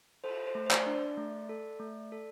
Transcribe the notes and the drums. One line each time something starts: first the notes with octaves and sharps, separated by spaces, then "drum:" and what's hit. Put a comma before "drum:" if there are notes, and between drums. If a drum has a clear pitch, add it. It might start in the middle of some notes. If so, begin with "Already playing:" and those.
A4 C5, drum: cymbal
C5
A3
C5
D5, drum: clap
D4
D5
A3
A4
A3
A4